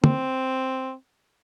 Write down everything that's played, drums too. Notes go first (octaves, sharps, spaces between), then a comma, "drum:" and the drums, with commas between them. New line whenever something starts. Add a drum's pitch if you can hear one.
C4, drum: tom